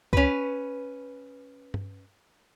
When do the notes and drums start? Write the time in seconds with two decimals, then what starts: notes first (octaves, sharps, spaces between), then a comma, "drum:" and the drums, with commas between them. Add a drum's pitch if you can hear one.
0.13 C#4 B4, drum: kick C#2
1.74 drum: tom G2